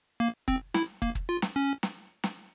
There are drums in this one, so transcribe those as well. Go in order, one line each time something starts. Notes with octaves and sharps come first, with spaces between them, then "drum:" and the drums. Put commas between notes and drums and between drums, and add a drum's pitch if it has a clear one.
A#3
C4, drum: kick
E4, drum: snare
A#3, drum: kick
drum: kick
F4
drum: snare
C#4
drum: snare
drum: snare